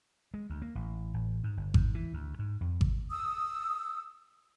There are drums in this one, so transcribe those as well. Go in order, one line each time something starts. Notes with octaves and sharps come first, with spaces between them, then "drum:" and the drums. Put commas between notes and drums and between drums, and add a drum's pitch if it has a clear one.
G#3
D2
A#3
A1
A1
G#2
G1
G#2, drum: kick G#1
E3
D2
G#2
F2
drum: kick G#1
D#6 E6